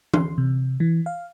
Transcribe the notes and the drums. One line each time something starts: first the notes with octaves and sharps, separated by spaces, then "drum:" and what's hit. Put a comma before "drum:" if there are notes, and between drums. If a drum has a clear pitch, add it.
C6, drum: tom E3
C3
E3
F5